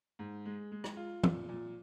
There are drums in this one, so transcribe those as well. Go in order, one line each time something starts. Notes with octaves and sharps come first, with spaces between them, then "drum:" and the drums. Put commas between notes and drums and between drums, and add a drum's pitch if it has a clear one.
G#2
G#3
G#3
drum: rim click
F4
A#2, drum: tom
A#2